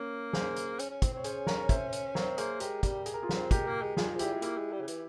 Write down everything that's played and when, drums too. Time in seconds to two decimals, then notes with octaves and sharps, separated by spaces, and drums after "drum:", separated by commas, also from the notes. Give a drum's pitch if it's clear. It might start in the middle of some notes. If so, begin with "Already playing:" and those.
Already playing: A#3 C#4
0.33 G#4 C5, drum: snare
0.56 drum: hi-hat
0.79 C#4, drum: hi-hat
0.90 C#4
1.02 C4, drum: kick, hi-hat
1.13 C4 C#5
1.24 C#4 G#4 C5, drum: hi-hat
1.47 A#4 C#5, drum: snare
1.69 C5 E5, drum: kick, hi-hat
1.93 drum: hi-hat
2.15 C4 A#4 C#5, drum: snare
2.38 A#3 G#4 C5, drum: hi-hat
2.60 G#3 G4 A#4, drum: hi-hat
2.83 G3, drum: kick, hi-hat
3.06 G#4, drum: hi-hat
3.14 A#4
3.22 F4 G#4
3.29 C4, drum: snare
3.51 G#3 G4 A#4, drum: kick, hi-hat
3.67 A#3
3.82 G#3
3.97 G#3 F4 G#4, drum: snare
4.15 F3
4.19 E4 G4, drum: hi-hat
4.24 G3
4.33 G#3
4.42 A#3 E4 G4, drum: hi-hat
4.57 G#3
4.72 G3
4.81 C#3
4.88 E3, drum: hi-hat